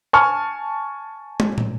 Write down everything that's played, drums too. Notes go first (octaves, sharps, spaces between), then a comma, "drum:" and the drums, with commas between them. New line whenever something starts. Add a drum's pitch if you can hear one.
G#5 A5 C#6 F6
drum: tom
drum: tom